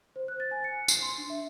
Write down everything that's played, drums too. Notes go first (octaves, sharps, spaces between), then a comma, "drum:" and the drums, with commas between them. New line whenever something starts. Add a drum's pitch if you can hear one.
C5
F#6
A6
G#5
C#7
C7, drum: tambourine
C6
D4
E5